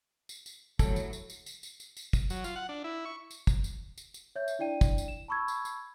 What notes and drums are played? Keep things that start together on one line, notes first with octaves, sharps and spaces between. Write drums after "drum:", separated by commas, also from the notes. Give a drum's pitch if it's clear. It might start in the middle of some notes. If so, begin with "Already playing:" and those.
drum: tambourine
drum: tambourine
E2 A2 D3 D#3 F#3 G3 A4, drum: kick, tambourine
drum: tambourine
drum: tambourine
drum: tambourine
drum: tambourine
drum: tambourine
drum: tambourine
drum: tambourine
drum: kick, tambourine
F#3, drum: tambourine
F4, drum: tambourine
F#5
D4
E4
C#6
drum: tambourine
drum: kick, tambourine
drum: tambourine
drum: tambourine
drum: tambourine
C#5 E5 G6
drum: tambourine
D4 E4 D5 G5 D#7
drum: kick, tambourine
drum: tambourine
E7
A5 B5 C#6 E6 G#6
drum: tambourine
drum: tambourine